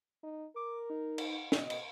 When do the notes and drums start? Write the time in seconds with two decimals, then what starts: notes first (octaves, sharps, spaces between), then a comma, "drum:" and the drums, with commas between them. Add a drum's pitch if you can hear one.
0.23 D#4
0.56 A#4 D6
0.90 D#4
1.18 drum: cymbal
1.52 B2 D#5, drum: snare
1.70 drum: cymbal